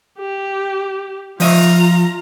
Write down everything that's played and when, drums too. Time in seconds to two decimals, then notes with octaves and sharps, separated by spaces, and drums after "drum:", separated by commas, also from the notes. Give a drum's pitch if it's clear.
0.19 G4
1.40 F3 F4 D#5 E5 A#5, drum: open hi-hat